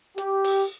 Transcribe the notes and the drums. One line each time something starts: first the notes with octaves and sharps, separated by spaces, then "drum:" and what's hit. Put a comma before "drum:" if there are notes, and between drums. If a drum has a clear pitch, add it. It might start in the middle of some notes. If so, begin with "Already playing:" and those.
G4, drum: hi-hat
drum: open hi-hat